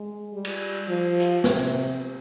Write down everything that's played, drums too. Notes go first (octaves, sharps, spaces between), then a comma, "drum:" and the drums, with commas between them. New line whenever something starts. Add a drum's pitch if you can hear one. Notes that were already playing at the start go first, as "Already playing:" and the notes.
Already playing: G#3
G3
drum: cymbal
F3
drum: hi-hat
C3, drum: snare
drum: hi-hat